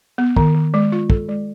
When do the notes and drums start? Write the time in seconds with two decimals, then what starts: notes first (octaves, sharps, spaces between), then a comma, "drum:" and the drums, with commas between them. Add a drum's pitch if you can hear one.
0.18 B3
0.37 D#3, drum: kick
0.55 D#3
0.74 G#3
0.92 F4
1.10 A4, drum: kick
1.29 G#3